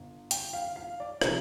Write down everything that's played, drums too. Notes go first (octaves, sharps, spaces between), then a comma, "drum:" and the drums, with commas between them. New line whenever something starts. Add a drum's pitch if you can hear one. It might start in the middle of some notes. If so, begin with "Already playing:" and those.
Already playing: G1
G5, drum: hi-hat
F5
F5
D5
C3 F3 A#4, drum: rim click